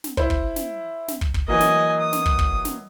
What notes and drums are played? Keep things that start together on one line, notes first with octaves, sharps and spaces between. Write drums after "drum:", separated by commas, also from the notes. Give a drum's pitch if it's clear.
drum: snare
E4 C5, drum: kick
drum: kick
drum: snare
drum: snare
drum: kick
drum: kick
E3 F#3 A#3 D#5 G#5
drum: snare
D#6
drum: snare
drum: kick
drum: kick
drum: snare